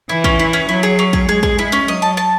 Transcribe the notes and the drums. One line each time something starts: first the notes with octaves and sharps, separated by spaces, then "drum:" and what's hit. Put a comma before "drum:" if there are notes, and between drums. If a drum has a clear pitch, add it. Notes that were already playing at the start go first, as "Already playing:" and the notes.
E3 E4
C#4, drum: kick
E4
C#4
F#3 E4
G#4
C#4
G#4, drum: kick
G#3 G#4
G#4, drum: kick
E4
C#4
F#3 D#5
A5
A5